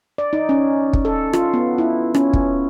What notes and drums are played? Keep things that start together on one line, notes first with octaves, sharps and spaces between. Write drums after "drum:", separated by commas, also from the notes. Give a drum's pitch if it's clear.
D5
D#4
C#4
drum: kick
A4
F4, drum: rim click
B3
E4
C#4, drum: rim click
drum: kick